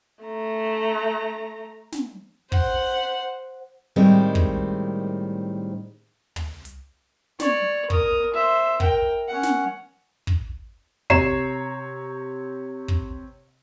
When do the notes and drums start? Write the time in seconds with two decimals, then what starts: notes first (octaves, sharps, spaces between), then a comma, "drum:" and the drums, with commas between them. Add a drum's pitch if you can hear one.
0.24 A3 A#5
1.92 drum: snare
2.52 C5 F#5, drum: kick
3.96 A2 D#3 G3 G#3 C4
4.35 drum: kick
6.36 drum: tom
6.65 drum: hi-hat
7.40 C#5 D5, drum: snare
7.90 A#4 D#6, drum: kick
8.34 C5 E5
8.80 A#4 G5, drum: kick
9.28 C#4 F#5
9.43 drum: snare
10.27 drum: kick
11.10 C3 C#5 A#5 C7 E7, drum: kick
12.88 drum: kick